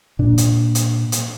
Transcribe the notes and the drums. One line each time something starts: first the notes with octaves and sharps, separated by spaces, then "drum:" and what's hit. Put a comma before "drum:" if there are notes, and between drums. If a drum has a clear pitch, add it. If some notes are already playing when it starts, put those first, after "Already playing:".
A#2 D4
drum: hi-hat
drum: hi-hat
drum: hi-hat